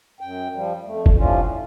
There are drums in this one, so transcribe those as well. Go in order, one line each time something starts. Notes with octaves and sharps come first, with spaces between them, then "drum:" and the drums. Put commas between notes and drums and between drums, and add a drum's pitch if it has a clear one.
F#2 G5
F3 G3
F2 A3
drum: kick F#1
A2 C3 F3 C#4 D4 F4
A2